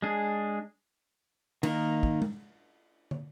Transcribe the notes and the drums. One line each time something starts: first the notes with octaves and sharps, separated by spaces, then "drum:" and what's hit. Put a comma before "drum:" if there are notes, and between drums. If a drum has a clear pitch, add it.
G#3 D4 G#4
D#3 A#3 D#4 A#4, drum: cymbal
drum: kick
drum: tom G#3
drum: tom